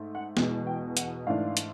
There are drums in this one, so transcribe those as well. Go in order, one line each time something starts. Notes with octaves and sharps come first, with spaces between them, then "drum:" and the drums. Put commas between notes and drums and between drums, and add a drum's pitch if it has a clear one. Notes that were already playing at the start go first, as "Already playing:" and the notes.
Already playing: G#2 A3
F#5
E2 B2 G#3, drum: snare
G5
F#5, drum: hi-hat
G#2 E3 A3 D4 F5
drum: hi-hat